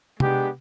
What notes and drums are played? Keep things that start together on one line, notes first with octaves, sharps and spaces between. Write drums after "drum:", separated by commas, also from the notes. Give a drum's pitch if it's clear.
G#3 B3 D4 G4, drum: tom C3